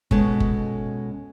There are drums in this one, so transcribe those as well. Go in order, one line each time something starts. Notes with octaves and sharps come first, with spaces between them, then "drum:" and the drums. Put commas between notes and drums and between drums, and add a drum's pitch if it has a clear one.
B2 G#3 C#4 A4 A5, drum: kick F#1
drum: kick F#1